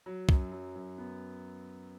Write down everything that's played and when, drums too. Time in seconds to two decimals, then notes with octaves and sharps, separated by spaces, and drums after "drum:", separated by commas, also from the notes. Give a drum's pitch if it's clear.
0.06 F#3
0.29 F#2, drum: kick
0.52 F#3
0.76 F#2
0.98 B3